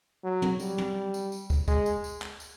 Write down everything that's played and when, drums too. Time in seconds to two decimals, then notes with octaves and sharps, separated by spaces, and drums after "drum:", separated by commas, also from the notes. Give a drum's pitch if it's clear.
0.24 F#3
0.42 drum: tom
0.60 G3, drum: tambourine
0.78 drum: tom
1.14 drum: tambourine
1.32 drum: tambourine
1.50 drum: kick, tambourine
1.68 G#3, drum: kick, tambourine
1.86 drum: tambourine
2.04 drum: tambourine
2.22 drum: clap
2.40 drum: tambourine